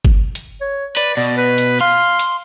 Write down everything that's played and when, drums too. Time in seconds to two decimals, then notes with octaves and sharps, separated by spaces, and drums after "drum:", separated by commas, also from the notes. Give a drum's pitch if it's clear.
0.05 drum: kick G1
0.35 drum: hi-hat
0.61 C#5
0.97 B4 D5, drum: hi-hat
1.17 B2 D5
1.37 B4
1.58 drum: hi-hat
1.81 F5 C6
2.19 drum: hi-hat